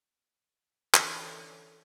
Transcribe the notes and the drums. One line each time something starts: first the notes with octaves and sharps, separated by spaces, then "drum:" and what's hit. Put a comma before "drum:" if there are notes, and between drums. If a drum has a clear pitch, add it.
D3 E3 C#4 D4 A4 C#6, drum: clap